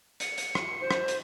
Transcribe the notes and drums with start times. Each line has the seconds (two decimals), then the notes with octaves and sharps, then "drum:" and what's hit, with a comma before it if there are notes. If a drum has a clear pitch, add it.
0.20 C#7, drum: hi-hat
0.38 drum: hi-hat
0.55 drum: rim click
0.81 C5
0.91 drum: rim click
1.08 drum: hi-hat